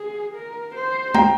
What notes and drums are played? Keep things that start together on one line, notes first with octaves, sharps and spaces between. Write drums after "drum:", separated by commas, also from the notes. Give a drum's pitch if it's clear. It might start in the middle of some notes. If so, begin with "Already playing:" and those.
Already playing: G#4
A#4
C5
G5 A#5, drum: tom G#3